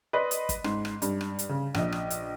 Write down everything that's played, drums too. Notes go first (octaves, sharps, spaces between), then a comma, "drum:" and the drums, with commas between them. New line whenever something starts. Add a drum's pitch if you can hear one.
B4 D5 D#5 B5 C6
drum: hi-hat
drum: kick, hi-hat
G#2 C6, drum: rim click
drum: rim click
G2, drum: hi-hat
drum: rim click
drum: hi-hat
C#3
A#1 D#5, drum: rim click
drum: rim click
drum: hi-hat